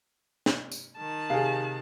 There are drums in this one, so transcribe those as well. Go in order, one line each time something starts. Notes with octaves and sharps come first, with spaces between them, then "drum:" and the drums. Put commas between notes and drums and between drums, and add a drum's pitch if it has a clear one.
drum: snare
drum: tambourine
D#3 A5
C3 G#4 F5